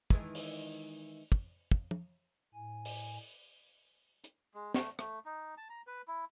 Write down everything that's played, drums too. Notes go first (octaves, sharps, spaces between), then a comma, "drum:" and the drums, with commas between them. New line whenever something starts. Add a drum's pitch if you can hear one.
D#3 E3 G#3, drum: kick
drum: open hi-hat
drum: kick
drum: kick
drum: tom
A2 G#5
drum: open hi-hat
drum: hi-hat
G#3
A3, drum: snare
A3, drum: rim click
D#4
A5
A#5
B4
E4